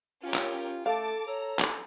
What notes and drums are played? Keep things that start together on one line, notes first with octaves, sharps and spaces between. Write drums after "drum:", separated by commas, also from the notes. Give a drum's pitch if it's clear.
C#4 F4 G4 A#4
drum: clap
A3 A4 F5 A5 D6
A4 C#5 A#5
drum: clap